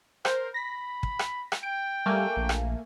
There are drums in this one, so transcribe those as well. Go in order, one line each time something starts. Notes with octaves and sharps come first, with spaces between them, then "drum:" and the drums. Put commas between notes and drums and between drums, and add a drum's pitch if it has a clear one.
A#4 C5, drum: rim click
B5 A#6 B6
drum: kick
drum: rim click
drum: rim click
G5 D7
G3 A3 A#3 G#5
A#1
drum: rim click